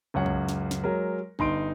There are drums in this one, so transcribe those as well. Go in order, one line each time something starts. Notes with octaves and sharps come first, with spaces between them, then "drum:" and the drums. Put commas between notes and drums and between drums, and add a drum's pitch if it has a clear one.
C#2 F#2 C#5 F#5
drum: kick B1
drum: snare
drum: snare
F#3 G#3 A#4
G1 D#4 C6 D7, drum: kick B1